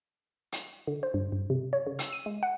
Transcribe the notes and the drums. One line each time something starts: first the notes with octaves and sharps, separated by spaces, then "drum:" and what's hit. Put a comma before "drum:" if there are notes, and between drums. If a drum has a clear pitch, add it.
drum: hi-hat
D3
C5
G2
G2
C3
C#5
C#3
E6, drum: hi-hat
D#7
G#3
F#5